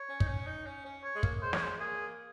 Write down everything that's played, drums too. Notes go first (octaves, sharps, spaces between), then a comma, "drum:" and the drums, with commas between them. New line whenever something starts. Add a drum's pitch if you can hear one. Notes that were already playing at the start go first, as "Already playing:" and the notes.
Already playing: C#5
C#4
D#4, drum: kick
C#4
D#4
C#4
C#4
C#5
G#3
A#3, drum: kick
G#3 C5
C#5, drum: snare
C5
A#3 G#4